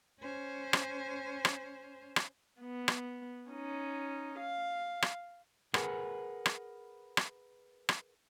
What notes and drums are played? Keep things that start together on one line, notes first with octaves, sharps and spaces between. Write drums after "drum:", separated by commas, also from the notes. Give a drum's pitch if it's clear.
C#4 C5
drum: rim click
drum: rim click
drum: rim click
B3
drum: rim click
C#4 D#4
F5
drum: rim click
G#4 A#4 B4 F#5 G#5, drum: rim click
drum: rim click
drum: rim click
drum: rim click